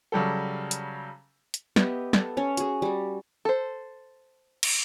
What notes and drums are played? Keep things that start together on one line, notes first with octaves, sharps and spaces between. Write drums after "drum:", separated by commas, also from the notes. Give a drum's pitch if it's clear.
C#3 F#3 G3 A4
drum: hi-hat
drum: hi-hat
B3 G4 D#5 E5, drum: snare
B3 A4, drum: snare
C#4 C#5
F#4 G#4, drum: hi-hat
G3 F#4
A4 C5
drum: cymbal